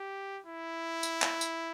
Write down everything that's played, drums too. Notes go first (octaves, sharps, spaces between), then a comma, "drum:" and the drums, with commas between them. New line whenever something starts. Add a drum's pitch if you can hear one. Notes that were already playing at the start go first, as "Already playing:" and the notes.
Already playing: G4
E4
drum: tambourine
drum: clap
drum: tambourine